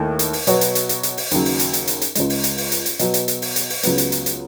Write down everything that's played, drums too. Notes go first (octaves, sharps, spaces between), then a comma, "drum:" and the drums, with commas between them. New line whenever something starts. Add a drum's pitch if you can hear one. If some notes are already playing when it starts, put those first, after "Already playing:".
Already playing: D#2 D#3 A3 E4
drum: hi-hat
drum: open hi-hat
B2 F#3 B3 F#4 C#5, drum: hi-hat
drum: hi-hat
drum: hi-hat
drum: hi-hat
drum: hi-hat
drum: open hi-hat
D#2 C#3 F#3, drum: hi-hat
drum: open hi-hat
drum: hi-hat
drum: hi-hat
drum: hi-hat
drum: hi-hat
C#2 C#3 G#3, drum: hi-hat
drum: open hi-hat
drum: hi-hat
drum: open hi-hat
drum: hi-hat
drum: hi-hat
B2 F#3 B3, drum: hi-hat
drum: hi-hat
drum: hi-hat
drum: open hi-hat
drum: hi-hat
drum: open hi-hat
C#2 C#3 F#3 B3, drum: hi-hat
drum: hi-hat
drum: hi-hat
drum: hi-hat